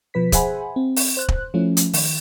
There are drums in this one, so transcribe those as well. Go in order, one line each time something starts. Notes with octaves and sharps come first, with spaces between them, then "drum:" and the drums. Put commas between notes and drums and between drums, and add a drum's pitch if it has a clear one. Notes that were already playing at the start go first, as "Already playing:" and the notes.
B2 F3 B4 B6
G#4 C5 E5 F#5 G#5 B5, drum: kick, hi-hat
C4
drum: open hi-hat
C5 F#6
drum: kick
F3 A3 C#4 E4
drum: hi-hat
D#3, drum: open hi-hat